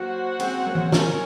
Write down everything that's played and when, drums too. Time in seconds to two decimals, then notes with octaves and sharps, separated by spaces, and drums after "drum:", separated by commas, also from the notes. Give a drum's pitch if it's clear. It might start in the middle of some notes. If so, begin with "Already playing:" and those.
Already playing: F#3 A#3 F#4 C5 F#5
0.40 G#3 C4, drum: cymbal
0.62 C4
0.66 F#3 A#3
0.75 drum: tom E3
0.92 F#3 A#4 C#5 G#5, drum: snare